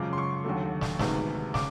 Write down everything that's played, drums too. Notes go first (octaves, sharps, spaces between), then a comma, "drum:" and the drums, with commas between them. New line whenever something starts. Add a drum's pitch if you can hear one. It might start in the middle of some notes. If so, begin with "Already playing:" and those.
Already playing: F#2 C#3 F3 G#3 D6
C6
C#6
D#2 D3 F#3 A3
drum: snare
D2 C3 D#3 G#3 B3, drum: snare
C#3 D6, drum: snare